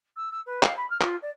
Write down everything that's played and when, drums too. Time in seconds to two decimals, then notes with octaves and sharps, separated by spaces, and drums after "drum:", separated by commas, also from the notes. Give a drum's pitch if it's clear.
0.16 E6
0.31 E6
0.46 B4
0.63 F5, drum: clap
0.77 B5
0.90 F6
1.01 F4, drum: clap
1.22 D5